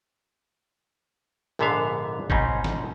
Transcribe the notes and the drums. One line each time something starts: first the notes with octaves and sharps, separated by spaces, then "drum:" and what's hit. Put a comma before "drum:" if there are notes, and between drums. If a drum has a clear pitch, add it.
A#1 G#2 D3 B3 E5 F5
G#2 B2 C4 C#4 D#4, drum: kick G#1
drum: snare